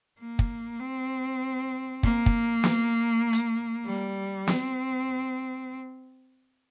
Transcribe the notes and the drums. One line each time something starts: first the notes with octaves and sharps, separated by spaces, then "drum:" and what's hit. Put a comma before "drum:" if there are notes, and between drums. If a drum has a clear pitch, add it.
A#3
drum: kick
C4
A#3, drum: kick
drum: kick
drum: snare
drum: hi-hat
G3
C4, drum: snare